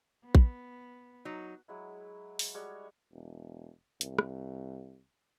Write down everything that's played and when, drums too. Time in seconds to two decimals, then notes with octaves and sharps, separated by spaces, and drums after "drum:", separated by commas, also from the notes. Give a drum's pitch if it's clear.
0.25 B3
0.35 drum: kick A#1
1.25 F#3 D#4
1.68 F#3 G#3 E4
2.39 drum: open hi-hat
2.54 G3 G#3 F#4 C#5
3.12 E1
4.01 C2, drum: hi-hat
4.19 drum: rim click